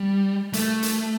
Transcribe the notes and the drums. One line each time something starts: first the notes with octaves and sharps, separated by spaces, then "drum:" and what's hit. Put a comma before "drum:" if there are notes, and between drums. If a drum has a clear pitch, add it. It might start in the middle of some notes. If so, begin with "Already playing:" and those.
Already playing: G3
A3, drum: hi-hat
drum: hi-hat